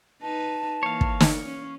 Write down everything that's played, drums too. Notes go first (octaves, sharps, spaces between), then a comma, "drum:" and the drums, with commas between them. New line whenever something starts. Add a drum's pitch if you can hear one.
D#4 B4 A5
E3 A#3 C#5 F5
drum: kick
drum: snare
C#4